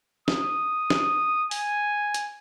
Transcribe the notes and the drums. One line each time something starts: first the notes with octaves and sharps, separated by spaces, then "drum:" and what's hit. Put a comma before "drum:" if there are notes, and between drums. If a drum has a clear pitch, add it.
D#6, drum: snare
drum: snare
G#5, drum: open hi-hat
drum: hi-hat